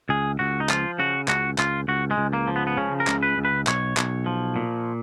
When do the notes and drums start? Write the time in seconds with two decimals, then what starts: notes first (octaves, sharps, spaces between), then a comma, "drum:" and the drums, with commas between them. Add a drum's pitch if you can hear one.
0.09 C#2 G#4
0.39 C#2 F#4
0.60 D#4
0.69 F3 F4, drum: clap
0.99 C#3 F#4
1.28 C#2 F#4, drum: clap
1.58 C#2 F4, drum: clap
1.88 C#2 F#4
2.11 G#3
2.18 C#2
2.33 A#3
2.47 F3
2.56 B3
2.67 B3
2.77 C#3 C#4
3.00 A#4
3.07 C#2, drum: clap
3.23 B4
3.38 C#2
3.45 B4
3.67 B1 C#5, drum: clap
3.97 B1, drum: clap
4.26 F3
4.56 A#2